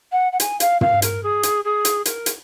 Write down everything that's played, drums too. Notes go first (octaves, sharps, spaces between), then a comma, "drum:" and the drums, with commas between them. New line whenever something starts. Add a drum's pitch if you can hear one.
F#5
F#5
G#5, drum: hi-hat
F5, drum: hi-hat
F5, drum: tom
A#4, drum: hi-hat
G#4
drum: hi-hat
G#4
drum: hi-hat
A#4, drum: hi-hat
drum: hi-hat